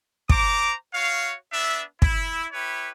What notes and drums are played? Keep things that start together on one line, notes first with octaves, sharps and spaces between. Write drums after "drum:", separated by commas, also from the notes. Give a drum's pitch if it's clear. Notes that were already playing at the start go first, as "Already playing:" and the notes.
C5 A#5 D6, drum: kick
F#4 C#5 F5
B3 D4 E5
E4, drum: kick
E4 G4 B4 C#5